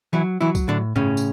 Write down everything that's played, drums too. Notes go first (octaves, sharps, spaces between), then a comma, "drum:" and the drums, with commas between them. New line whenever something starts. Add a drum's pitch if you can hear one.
E3 F#3 E4
E3 F#3 E4
drum: kick, tambourine
A2 D3 D4
A2 C#3 C#4, drum: tom G2
drum: tambourine